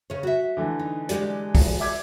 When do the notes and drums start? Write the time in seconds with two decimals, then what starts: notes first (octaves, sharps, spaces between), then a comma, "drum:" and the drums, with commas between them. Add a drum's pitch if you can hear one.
0.10 C#3 C#5
0.23 F#4 E5
0.57 D3 E3 A3
0.79 D#4
1.09 G#3 G4 D5, drum: hi-hat
1.55 drum: kick, open hi-hat
1.80 E5 D6 G#6